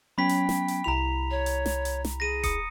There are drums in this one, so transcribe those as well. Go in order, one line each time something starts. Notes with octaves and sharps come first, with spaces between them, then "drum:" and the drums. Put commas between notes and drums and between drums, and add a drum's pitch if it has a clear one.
F#3 B3 C#4 G5 B5 B6
drum: hi-hat
drum: snare
drum: hi-hat
C2 E4 A#5 B5 F7
C#5
drum: hi-hat
drum: snare
drum: hi-hat
drum: snare
G#4 A#6 D#7
D#6 C#7, drum: kick D#1, hi-hat